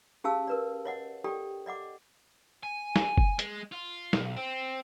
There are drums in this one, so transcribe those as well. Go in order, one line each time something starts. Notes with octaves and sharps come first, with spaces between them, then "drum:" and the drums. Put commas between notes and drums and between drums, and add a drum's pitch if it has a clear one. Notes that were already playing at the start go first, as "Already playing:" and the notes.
C#4 G4 G#4 F5 A5 E6
A#4 B4 D5
C#5 D#5 F#5
G4 A4 D5 G5
D5 D#5 F#5 D6
G#5
drum: snare
drum: kick
G#3, drum: hi-hat
F4
B1, drum: snare
C4